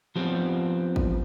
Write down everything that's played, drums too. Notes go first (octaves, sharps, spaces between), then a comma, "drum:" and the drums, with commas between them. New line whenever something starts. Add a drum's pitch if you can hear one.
F3 B3 C4 G4
drum: kick A1